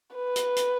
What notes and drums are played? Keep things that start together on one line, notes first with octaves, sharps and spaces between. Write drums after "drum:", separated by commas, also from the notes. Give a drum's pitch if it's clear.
B4
drum: hi-hat
drum: hi-hat